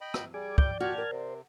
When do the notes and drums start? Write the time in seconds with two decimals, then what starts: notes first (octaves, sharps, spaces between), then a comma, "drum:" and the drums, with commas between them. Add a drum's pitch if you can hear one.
0.01 D#5 G5 B5
0.14 drum: rim click
0.34 G3 G#4 G#5 D6
0.58 D5 G5 D6 G6, drum: kick
0.80 A#2 F#4 G4 A5 F6 G#6
0.98 A#4
1.11 C3 C5